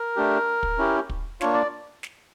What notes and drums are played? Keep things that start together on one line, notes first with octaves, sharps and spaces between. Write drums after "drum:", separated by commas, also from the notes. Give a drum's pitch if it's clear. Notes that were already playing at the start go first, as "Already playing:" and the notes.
Already playing: A#4
A3 D4 G4
drum: kick
C#4 E4 G4
drum: kick
A#3 D4 F4 C#5, drum: snare
D5
drum: snare